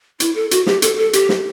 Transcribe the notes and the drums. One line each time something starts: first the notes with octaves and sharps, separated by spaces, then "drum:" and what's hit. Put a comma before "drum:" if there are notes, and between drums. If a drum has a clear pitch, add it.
E4, drum: hi-hat
A4
F#4, drum: hi-hat
G4, drum: snare
A4, drum: hi-hat
A4
G4, drum: hi-hat
drum: snare